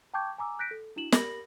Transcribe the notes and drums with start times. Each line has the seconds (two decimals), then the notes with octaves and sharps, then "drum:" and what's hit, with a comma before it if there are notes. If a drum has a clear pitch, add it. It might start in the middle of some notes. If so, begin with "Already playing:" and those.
0.14 G5 A5 C#6 D6 G6 G#6
0.38 G#5 A#5 D6 E6
0.59 F#6 G6 A#6 B6 D7
0.71 A4
0.96 D4 E4 F#4 E7 F#7
1.12 G4 A#4 B5 A#6 F#7, drum: snare